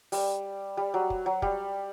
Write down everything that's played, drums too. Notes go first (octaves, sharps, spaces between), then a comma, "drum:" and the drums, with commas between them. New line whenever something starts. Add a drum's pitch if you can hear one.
G3, drum: open hi-hat
G3
F#3
drum: kick
F#3
G3, drum: kick